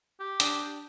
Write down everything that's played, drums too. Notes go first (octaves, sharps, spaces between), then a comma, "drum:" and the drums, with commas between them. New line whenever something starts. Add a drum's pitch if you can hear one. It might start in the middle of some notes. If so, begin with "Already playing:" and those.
G4
D4 D#6 D7, drum: hi-hat